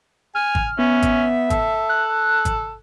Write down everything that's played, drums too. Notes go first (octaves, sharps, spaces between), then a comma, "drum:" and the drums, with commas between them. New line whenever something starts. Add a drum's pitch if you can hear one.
G#5 F6
drum: kick G#1
B3 C#4 E5
drum: kick G#1, hi-hat
A4, drum: kick G#1, hi-hat
F#6
drum: kick G#1, hi-hat